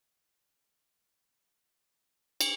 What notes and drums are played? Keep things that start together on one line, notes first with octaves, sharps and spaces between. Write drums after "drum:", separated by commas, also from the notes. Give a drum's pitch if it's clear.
A2 D#3
A#3
F1 A#1 E2 D#3
D1 B2 D3 G3
G2 B2 D#3
F2 G#3
drum: cymbal